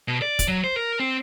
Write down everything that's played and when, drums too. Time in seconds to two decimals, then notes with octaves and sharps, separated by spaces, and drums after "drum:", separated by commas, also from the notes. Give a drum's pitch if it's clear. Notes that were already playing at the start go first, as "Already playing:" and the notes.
0.08 B2
0.22 D5
0.39 drum: kick, hi-hat
0.48 F#3
0.64 C5
0.76 A#4
1.00 C4